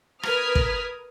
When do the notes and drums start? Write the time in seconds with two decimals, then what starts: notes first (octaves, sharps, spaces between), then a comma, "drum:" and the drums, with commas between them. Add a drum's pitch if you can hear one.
0.23 A#4 B4 D#6 F6 G#6 B6, drum: rim click
0.55 drum: kick